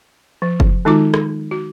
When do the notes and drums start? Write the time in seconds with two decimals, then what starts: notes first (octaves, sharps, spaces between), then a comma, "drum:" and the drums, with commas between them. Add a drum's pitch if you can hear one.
0.42 F3
0.60 drum: kick
0.85 D#3 G#3 D#4 F4 F#4 D6
1.14 drum: rim click
1.51 F#4